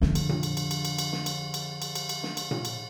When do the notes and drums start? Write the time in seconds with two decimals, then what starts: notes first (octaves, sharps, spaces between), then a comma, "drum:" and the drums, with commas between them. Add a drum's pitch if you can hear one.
0.02 F2 D3, drum: snare
0.15 drum: cymbal
0.29 drum: tom A#2
0.43 drum: cymbal
0.57 drum: cymbal
0.71 drum: cymbal
0.85 drum: cymbal
0.98 drum: cymbal
1.12 drum: snare
1.26 drum: cymbal
1.54 drum: cymbal
1.82 drum: cymbal
1.95 drum: cymbal
2.09 drum: cymbal
2.23 drum: snare
2.37 drum: cymbal
2.51 drum: tom A#2
2.65 drum: cymbal